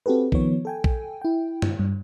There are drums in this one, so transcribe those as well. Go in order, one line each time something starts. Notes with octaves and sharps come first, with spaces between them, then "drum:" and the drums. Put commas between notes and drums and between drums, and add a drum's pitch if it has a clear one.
C4 F#4 G4 A4 B4
D#3 F3 B3 C#5, drum: kick A#1
A4 G5 G#5
drum: kick A#1
E4 G5
drum: tom G2
G2